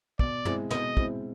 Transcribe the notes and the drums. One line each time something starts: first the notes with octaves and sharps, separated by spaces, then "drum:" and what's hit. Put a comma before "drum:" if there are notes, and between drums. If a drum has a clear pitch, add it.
B2 D5, drum: kick
G#3 C4 E4, drum: tom
B2 D#5, drum: snare
G#3 C4 E4, drum: kick